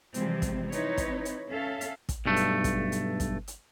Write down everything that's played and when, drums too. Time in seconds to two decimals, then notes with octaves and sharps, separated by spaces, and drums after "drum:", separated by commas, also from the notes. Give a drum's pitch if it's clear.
0.14 C3 E3 F3 G3 G#3 C4, drum: hi-hat
0.42 drum: kick, hi-hat
0.72 C4 D#4 E4 B4 C#5, drum: hi-hat
0.97 drum: kick, hi-hat
1.25 drum: hi-hat
1.50 C#4 A4 E5 F5
1.81 drum: hi-hat
2.09 drum: kick, hi-hat
2.26 B1 G2 A3
2.36 drum: hi-hat
2.64 drum: kick, hi-hat
2.92 drum: hi-hat
3.20 drum: kick, hi-hat
3.48 drum: hi-hat